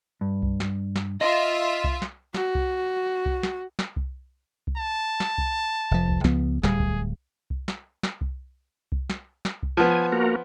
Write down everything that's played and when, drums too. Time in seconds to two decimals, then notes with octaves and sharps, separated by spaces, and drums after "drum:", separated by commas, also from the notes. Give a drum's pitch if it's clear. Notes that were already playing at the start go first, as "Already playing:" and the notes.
0.21 G2
0.43 drum: kick C2
0.60 drum: snare
0.96 drum: snare
1.21 F4 D#5 E5
1.84 drum: kick C2
2.02 drum: snare
2.34 F#4, drum: snare
2.55 drum: kick C2
3.26 drum: kick C2
3.43 drum: snare
3.79 drum: snare
3.96 drum: kick C2
4.67 drum: kick C2
4.77 A5
5.20 drum: snare
5.38 drum: kick C2
5.91 F1 F3
6.09 drum: kick C2
6.24 C#2 F3 B3, drum: snare
6.63 D1 G3 G#4, drum: snare
6.80 drum: kick C2
7.50 drum: kick C2
7.68 drum: snare
8.03 drum: snare
8.21 drum: kick C2
8.92 drum: kick C2
9.10 drum: snare
9.45 drum: snare
9.63 drum: kick C2
9.77 F3 B3 G#5
10.12 A#3 F#4 A#4